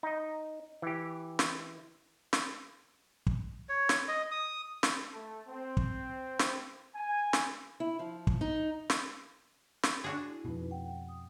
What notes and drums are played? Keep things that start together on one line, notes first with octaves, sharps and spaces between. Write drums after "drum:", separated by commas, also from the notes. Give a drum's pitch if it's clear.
D#4 D#5
E3 G4
drum: snare
drum: snare
drum: kick
C#5
drum: snare
D#5
D#6
drum: snare
A3
C4
drum: kick
drum: snare
G#5
drum: snare
E4
F3
drum: kick
D#4
drum: snare
drum: snare
D4 F#4 G#4
E4
F2 B2 D#4 E4 B4
F#5 G5
D#6